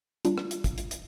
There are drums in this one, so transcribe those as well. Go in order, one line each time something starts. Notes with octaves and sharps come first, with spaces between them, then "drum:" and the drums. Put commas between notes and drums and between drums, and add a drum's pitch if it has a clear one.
G3 D4 F4, drum: hi-hat
drum: rim click
drum: hi-hat
drum: kick, hi-hat
drum: hi-hat
drum: hi-hat